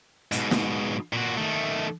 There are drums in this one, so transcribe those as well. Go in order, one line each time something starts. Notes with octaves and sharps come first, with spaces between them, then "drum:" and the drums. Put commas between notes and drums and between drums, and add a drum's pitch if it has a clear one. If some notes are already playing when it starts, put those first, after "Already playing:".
G#2 B2, drum: hi-hat
drum: snare
A#2 F#4
D#3 A3